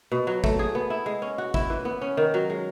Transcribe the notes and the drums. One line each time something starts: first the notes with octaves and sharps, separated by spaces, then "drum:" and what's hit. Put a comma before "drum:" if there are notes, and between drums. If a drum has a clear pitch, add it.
B2
F#3
A3, drum: kick
G#4
B3
E4
G#3
C#4
F#4
E4, drum: kick
E3
B3
C#4
D#3
F#3
G#3